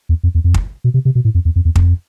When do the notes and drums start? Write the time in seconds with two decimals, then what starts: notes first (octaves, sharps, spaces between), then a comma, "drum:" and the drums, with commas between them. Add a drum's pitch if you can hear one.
0.09 E2
0.23 F2
0.35 E2
0.44 F2
0.54 drum: kick
0.84 B2
0.94 C3
1.05 C3
1.15 B2
1.25 A2
1.35 F2
1.45 E2
1.56 F2
1.65 E2
1.76 F2, drum: kick